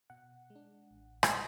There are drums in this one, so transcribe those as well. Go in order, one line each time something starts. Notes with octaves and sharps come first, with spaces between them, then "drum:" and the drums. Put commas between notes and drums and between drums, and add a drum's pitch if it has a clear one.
B2 F#5
G#3
D4
A1
drum: rim click
A2